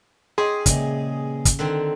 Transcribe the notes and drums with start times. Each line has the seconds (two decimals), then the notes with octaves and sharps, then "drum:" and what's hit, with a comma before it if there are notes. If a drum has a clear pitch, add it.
0.38 C#4 D#4 G4 G#4 C6
0.66 A#2 C#3 E3 G#3, drum: kick, hi-hat
1.45 drum: kick, hi-hat
1.59 D3 D#3 C4